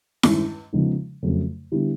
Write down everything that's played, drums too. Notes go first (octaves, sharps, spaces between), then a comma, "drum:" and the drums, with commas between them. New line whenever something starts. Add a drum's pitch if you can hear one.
G2 D#3 G#3 C#4 E4, drum: snare E4
C#3 F3 G#3 B3 D#4
F2 C#3 F#3 A3
D3 G3 B3 E4